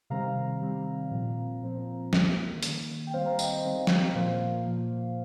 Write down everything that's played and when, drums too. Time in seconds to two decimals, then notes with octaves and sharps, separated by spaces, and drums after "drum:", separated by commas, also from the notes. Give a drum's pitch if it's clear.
0.10 C3 D#3 G3 C4 F5 A#5
0.61 C3 D#3 G3 C4
1.11 A#2 F3 C4
1.62 A#2 F3 C4
2.13 D#3 A#3, drum: snare
2.63 D#3 A#3, drum: hi-hat
3.07 G5
3.13 D#3 G3 C4 C5 F5
3.26 F5 A#5
3.39 D#5 G5, drum: tambourine
3.52 C5
3.64 D#3 G3 C4 D#5
3.87 drum: snare
4.15 A#2 F3 A#3 C5 F5
4.65 A#2 F3 A#3